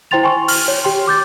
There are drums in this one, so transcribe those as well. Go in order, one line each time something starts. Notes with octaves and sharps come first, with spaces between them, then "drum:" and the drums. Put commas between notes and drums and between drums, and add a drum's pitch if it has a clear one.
E4 C5 G5 C6 A6 F7
G5 G#5 C6 C#6
F6, drum: open hi-hat
C#5
G4 G5 C6
D6 G6 A6